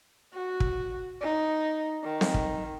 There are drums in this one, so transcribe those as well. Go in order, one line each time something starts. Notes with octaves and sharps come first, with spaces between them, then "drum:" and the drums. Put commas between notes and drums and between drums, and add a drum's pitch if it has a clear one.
F#4
drum: kick
D#4
D#3
drum: snare C4
drum: kick